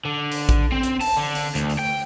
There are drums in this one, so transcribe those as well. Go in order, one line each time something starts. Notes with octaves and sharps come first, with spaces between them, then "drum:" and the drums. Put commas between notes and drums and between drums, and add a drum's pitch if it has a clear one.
D3
drum: open hi-hat
drum: kick A#1, hi-hat
C4
drum: hi-hat
A5, drum: open hi-hat
D3
drum: open hi-hat
D2, drum: hi-hat
drum: open hi-hat
G5